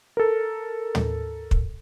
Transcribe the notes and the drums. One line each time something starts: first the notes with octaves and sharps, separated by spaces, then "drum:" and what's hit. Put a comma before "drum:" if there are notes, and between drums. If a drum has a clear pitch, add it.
A4 A#4
drum: tom
drum: kick